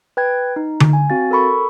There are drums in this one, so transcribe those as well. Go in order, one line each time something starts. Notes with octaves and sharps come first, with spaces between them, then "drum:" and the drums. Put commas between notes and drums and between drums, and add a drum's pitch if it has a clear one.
B4 G5 G#6
D#4
drum: tom D3
G#5
C4 F#4 F5 A6
A4 A#4 B5 C#6